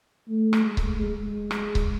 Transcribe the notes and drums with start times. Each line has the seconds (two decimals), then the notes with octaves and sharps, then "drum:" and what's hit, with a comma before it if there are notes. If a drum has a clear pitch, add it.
0.28 A3
0.53 drum: rim click
0.65 G#3
0.77 drum: kick C#1
1.02 G#3
1.51 drum: rim click
1.75 drum: kick C#1